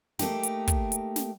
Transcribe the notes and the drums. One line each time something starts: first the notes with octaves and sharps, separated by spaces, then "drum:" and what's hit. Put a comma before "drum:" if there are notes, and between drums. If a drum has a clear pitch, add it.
A3 A#3 D#4 G4, drum: snare
drum: hi-hat
drum: kick, hi-hat
drum: hi-hat
drum: snare